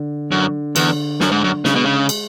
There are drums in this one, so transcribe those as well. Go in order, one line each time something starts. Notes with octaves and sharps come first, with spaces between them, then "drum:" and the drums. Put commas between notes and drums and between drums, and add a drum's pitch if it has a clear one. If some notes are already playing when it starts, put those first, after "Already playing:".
Already playing: D3
F#2 D3
E2 D3, drum: cymbal
F#2 D3, drum: snare
G#2
F#2
C#3 G#3, drum: snare
B2
C#3
drum: cymbal